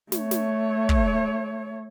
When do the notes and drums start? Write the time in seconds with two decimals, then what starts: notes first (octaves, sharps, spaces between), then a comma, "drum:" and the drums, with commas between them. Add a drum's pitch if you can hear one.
0.12 A3 C#5, drum: snare
0.31 drum: snare
0.89 drum: kick